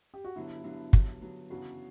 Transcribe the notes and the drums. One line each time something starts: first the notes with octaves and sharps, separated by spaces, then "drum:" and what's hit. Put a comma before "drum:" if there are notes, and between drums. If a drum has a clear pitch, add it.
G4
F#4
G2 D3 F#3 B3 E4
G2 D3 F#3 B3
G2 D3 F#3 B3, drum: kick
G2 D3 F#3 B3
F#2 C#3 E3 B3 D4 F#4